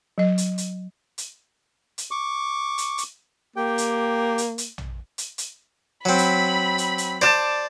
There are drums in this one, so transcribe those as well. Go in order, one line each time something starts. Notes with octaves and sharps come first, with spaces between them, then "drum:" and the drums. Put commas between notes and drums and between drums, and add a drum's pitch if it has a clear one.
F#3 D#5
drum: hi-hat
drum: hi-hat
drum: hi-hat
drum: hi-hat
C#6 D6
drum: hi-hat
drum: hi-hat
A#3 G4 G5
drum: hi-hat
drum: hi-hat
drum: hi-hat
drum: tom A#1
drum: hi-hat
drum: hi-hat
F#3 C4 B5
drum: hi-hat
drum: hi-hat
drum: hi-hat
C5 D5 A5